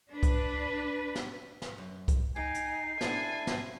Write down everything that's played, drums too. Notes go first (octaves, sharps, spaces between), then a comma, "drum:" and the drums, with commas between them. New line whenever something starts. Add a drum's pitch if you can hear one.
D4 B4
drum: kick C2, hi-hat
drum: snare
drum: snare
F#2
drum: kick C2, hi-hat
D#4 G5 G#5 C7
drum: hi-hat
D4 E4 A4 G#5 A5, drum: snare
drum: snare